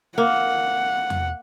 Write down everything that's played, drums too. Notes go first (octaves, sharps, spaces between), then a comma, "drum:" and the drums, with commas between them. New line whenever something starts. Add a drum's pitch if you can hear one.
A#3 F#5
drum: tom E2